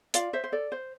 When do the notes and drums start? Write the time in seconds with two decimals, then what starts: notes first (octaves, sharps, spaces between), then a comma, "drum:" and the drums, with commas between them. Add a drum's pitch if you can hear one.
0.14 F4 D5 F5, drum: hi-hat
0.33 C5 E5
0.44 C5
0.52 A4 D5
0.72 C5